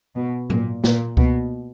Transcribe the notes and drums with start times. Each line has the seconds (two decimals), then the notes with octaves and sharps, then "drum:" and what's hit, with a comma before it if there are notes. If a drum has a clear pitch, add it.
0.16 B2
0.50 A#2, drum: tom G#2
0.84 A#2, drum: snare
1.17 B2, drum: kick C#2